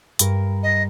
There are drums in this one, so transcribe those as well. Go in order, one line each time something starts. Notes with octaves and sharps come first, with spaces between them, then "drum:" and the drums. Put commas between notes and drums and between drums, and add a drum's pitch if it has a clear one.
G2 A#4, drum: hi-hat
D#5